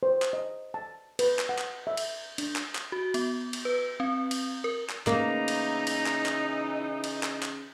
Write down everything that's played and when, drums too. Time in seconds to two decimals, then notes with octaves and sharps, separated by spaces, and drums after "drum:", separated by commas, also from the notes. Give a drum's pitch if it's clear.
0.03 C5
0.22 drum: clap
0.33 D#5
0.74 A5
1.19 B4, drum: cymbal
1.39 drum: clap
1.49 F#5
1.58 drum: clap
1.87 E5
1.97 drum: cymbal
2.38 D4, drum: cymbal
2.56 drum: clap
2.75 drum: clap
2.92 F#4
3.14 B3, drum: cymbal
3.53 drum: cymbal
3.65 B4
4.00 C4
4.31 drum: cymbal
4.64 A#4
4.90 drum: clap
5.07 C#3 E3 A#3 D#4 A#5, drum: clap
5.48 drum: cymbal
5.87 drum: cymbal
6.06 drum: clap
6.26 drum: clap
7.04 drum: cymbal
7.23 drum: clap
7.43 drum: clap